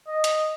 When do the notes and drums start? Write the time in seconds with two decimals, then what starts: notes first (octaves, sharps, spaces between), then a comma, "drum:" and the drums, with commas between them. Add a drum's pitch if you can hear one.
0.07 D#5
0.24 drum: hi-hat